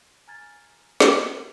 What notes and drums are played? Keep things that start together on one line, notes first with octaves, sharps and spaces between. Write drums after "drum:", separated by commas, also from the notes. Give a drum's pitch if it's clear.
G#5 A#5 F6 G#6 A6
drum: snare